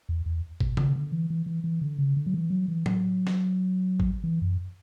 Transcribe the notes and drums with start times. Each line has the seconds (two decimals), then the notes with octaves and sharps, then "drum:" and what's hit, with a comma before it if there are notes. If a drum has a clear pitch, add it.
0.09 E2
0.26 E2
0.60 B2, drum: kick G#1
0.77 C#3, drum: tom D#3
0.96 D3
1.12 E3
1.30 E3
1.46 E3
1.64 E3
1.81 D3
1.98 C#3
2.17 D3
2.26 F#3
2.34 E3
2.50 F#3
2.68 E3
2.86 F#3, drum: tom
3.27 drum: snare
4.00 drum: kick G#1
4.24 E3
4.42 F#2